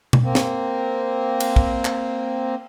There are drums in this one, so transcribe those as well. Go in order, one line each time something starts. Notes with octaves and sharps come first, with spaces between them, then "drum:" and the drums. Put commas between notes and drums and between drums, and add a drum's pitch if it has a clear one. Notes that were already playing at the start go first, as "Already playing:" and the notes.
drum: tom B2
A#3 C4
drum: snare
drum: cymbal
drum: kick
drum: clap